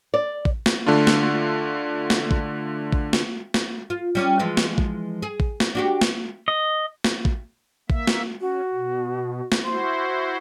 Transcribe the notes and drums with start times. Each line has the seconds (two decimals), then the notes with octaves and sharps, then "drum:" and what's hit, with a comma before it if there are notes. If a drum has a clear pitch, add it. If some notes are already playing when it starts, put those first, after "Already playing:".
0.14 D5
0.45 drum: kick A1
0.66 drum: snare
0.87 D3 A3 D4 F4
1.07 drum: snare
2.10 drum: snare
2.31 drum: kick A1
2.92 drum: kick A1
3.13 drum: snare
3.54 drum: snare
3.90 F4
4.15 G3 C#4 G4
4.39 E3 F3 G#3
4.57 drum: snare
4.78 drum: kick A1
5.22 G#4
5.40 drum: kick A1
5.60 drum: snare
5.75 D4 F#4 G4
6.01 drum: snare
6.48 D#5
7.04 drum: snare
7.25 drum: kick A1
7.90 A#3 E5, drum: kick A1
8.07 drum: snare
8.41 C#4 F#4
8.73 B2
9.52 drum: snare
9.65 E4 F#4 C5 C6